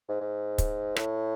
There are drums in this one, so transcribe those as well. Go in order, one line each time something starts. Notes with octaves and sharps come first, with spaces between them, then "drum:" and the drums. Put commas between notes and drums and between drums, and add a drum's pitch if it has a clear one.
G#2
G#2
drum: kick, hi-hat
A2, drum: rim click